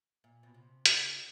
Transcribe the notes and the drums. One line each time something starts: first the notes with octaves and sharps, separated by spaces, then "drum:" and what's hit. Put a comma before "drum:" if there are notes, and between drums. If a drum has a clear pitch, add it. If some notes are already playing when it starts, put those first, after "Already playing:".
A#2
B2
C3
C#3, drum: hi-hat